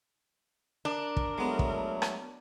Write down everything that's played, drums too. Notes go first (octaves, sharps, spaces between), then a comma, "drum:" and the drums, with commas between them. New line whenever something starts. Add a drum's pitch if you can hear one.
D4 A#4
drum: kick
F#3 G#3 A3 B3
drum: kick
drum: rim click